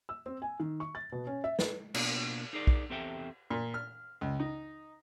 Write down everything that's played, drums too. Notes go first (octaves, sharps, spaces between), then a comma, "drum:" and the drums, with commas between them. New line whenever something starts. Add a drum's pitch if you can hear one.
E6
C4
G#5
D#3
C#6
A6
B2
C#4
E5
B4, drum: snare
B2 A#3 B3 D4 F4, drum: cymbal
D#4 G#4 A#4 D5
drum: kick
E2 C4 G4 A4 E5 G5
A#2
F6
C#2
D#4